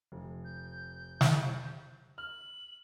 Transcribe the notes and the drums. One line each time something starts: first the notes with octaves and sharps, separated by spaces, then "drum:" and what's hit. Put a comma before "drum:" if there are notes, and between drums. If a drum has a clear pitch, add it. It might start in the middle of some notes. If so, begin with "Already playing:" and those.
F1
G6
drum: snare
F6 F#7